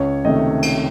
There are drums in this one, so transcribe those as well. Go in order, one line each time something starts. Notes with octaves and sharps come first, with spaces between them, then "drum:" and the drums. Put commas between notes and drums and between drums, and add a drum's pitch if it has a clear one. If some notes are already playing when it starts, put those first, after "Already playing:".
Already playing: C#2 C#5
C3 D#3 A3 D#5
drum: cymbal